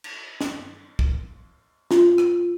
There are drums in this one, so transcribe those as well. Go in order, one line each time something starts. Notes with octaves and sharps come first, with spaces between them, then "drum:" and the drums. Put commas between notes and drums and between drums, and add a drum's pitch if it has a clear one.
drum: cymbal
drum: snare
drum: kick
F4, drum: snare
drum: rim click